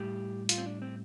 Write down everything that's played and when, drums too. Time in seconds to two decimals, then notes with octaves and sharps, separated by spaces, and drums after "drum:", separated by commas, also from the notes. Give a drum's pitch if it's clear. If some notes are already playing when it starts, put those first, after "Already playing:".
Already playing: A2 G3 G4
0.49 F4, drum: hi-hat
0.58 C4
0.66 D4
0.82 C4